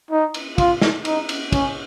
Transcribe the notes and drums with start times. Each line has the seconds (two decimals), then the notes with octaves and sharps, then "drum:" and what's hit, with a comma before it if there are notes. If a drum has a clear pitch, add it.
0.11 D#4
0.34 drum: cymbal
0.58 F4, drum: kick, cymbal
0.82 drum: snare
1.05 D#4, drum: cymbal
1.29 drum: cymbal
1.52 C#4, drum: kick, cymbal